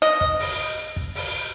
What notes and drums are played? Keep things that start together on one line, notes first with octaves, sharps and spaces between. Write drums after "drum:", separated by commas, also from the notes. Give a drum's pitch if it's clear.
D#5, drum: hi-hat
drum: kick
drum: open hi-hat
drum: hi-hat
drum: kick
drum: open hi-hat